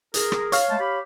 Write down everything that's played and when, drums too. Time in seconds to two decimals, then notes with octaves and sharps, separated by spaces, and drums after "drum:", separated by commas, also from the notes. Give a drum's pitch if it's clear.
0.14 G#4 A#4, drum: hi-hat
0.32 drum: rim click
0.52 C#5 F5, drum: hi-hat
0.68 G#3 A3 A5
0.80 G4 B5